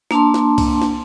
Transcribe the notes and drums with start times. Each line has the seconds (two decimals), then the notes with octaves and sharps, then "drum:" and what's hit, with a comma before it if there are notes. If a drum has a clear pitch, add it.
0.11 A#3 D4 A5 C6, drum: snare
0.34 drum: snare
0.58 drum: kick C2, cymbal
0.82 drum: snare